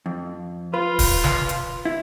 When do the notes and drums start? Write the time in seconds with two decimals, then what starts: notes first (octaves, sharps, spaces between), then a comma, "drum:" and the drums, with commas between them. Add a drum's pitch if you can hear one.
0.06 F2
0.74 F4 B4
0.99 drum: kick, open hi-hat
1.24 drum: snare
1.49 drum: hi-hat
1.85 E4